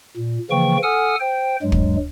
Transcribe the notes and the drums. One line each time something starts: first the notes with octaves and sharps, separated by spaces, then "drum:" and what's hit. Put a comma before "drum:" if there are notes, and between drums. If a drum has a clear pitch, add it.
A#2
C#3 E3 F3 A#3 G5 C#6
A4 F#5 G#5 D#6 F6
C5 G5
G2 F#3 G#3
drum: kick